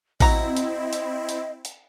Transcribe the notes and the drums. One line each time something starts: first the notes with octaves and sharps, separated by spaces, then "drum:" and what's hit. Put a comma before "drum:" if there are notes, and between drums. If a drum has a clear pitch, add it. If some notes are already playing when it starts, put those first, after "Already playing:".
C4 E4 F#4 D#5 A#5, drum: kick A1, open hi-hat
drum: hi-hat
drum: hi-hat
drum: hi-hat
drum: hi-hat